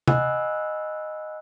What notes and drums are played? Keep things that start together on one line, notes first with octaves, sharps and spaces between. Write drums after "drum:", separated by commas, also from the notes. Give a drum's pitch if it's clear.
D#5 F#5 G#5 B5 E6 F#6, drum: tom